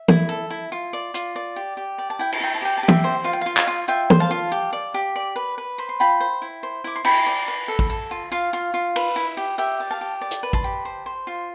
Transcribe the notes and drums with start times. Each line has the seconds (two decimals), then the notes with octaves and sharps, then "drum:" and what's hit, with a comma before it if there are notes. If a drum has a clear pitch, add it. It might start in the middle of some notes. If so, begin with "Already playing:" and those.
Already playing: E5
0.08 E4, drum: tom
0.29 A4
0.50 E4
0.72 F4
0.93 D5
1.14 F4, drum: hi-hat
1.36 D5
1.56 G4
1.77 G4
1.98 D5 G5
2.10 A5
2.19 E4 G5
2.32 A5, drum: cymbal
2.41 E4 G5
2.55 A5
2.62 G4 G5
2.78 A5
2.83 G4
2.88 E5 G5, drum: tom
3.04 C5
3.24 F4 F5
3.33 G5
3.41 F4 F5
3.57 F5, drum: clap
3.67 F4
3.88 F4 E5 G5
4.10 C5, drum: tom
4.20 F5 A5
4.31 F4
4.52 G4
4.73 D5
4.94 G4
5.16 D5
5.36 B4
5.58 B4
5.78 C5 B5
5.89 C6
6.00 F4 G5 B5
6.20 C5
6.42 E4
6.63 C5
6.84 E4 D6
6.96 C6
7.04 E4 G5 B5, drum: cymbal
7.27 D5
7.48 B4
7.68 A4
7.79 drum: kick
7.90 A4
8.11 F4
8.32 F4 F5
8.53 F4
8.74 F4
8.96 B4, drum: cymbal
9.16 E4
9.37 G4
9.58 G4 E5 G5
9.80 D5
9.91 F5 A5
10.01 G4
10.21 D5
10.31 drum: hi-hat
10.43 B4
10.53 A5 C6, drum: kick
10.64 G4
10.85 C5
11.06 C5
11.27 F4